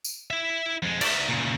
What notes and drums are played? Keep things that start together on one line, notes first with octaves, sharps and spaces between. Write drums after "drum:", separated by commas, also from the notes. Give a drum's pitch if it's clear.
drum: tambourine
E4 E5
F2 G#3
D5 E5, drum: cymbal
A#2 C#3